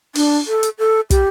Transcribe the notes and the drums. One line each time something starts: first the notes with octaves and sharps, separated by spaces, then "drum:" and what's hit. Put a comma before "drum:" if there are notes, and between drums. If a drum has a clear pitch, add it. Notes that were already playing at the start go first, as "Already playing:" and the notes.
D4, drum: open hi-hat
A4
drum: hi-hat
A4
G4, drum: kick, hi-hat